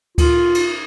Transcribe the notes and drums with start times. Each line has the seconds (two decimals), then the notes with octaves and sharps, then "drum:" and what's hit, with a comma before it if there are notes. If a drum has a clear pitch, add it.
0.18 F4, drum: kick D2, cymbal
0.55 drum: cymbal